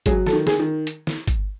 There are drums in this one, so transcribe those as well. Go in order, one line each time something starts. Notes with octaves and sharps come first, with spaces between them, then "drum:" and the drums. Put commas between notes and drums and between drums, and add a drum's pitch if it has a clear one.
F#3 G#4, drum: kick G1, hi-hat
A4, drum: snare
D#3
G#4, drum: snare
D#3
drum: hi-hat
drum: snare
drum: kick G1, hi-hat